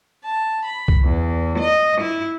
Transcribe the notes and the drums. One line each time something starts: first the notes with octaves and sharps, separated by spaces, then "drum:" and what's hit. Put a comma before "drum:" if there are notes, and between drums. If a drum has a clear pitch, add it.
A5
B5
drum: kick C2
E2
D#5
E4